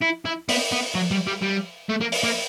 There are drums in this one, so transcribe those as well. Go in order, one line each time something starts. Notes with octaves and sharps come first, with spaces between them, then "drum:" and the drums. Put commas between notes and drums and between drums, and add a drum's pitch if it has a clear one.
E4
E4
B3, drum: open hi-hat
B3
F#3
G3
G3
G3
A3
A#3
drum: open hi-hat
A#3